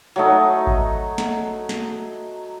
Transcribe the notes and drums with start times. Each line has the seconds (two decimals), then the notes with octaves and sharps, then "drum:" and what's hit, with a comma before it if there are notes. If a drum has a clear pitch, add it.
0.16 F#3 A3 D#4
0.67 drum: kick G#1
1.18 drum: snare
1.69 drum: snare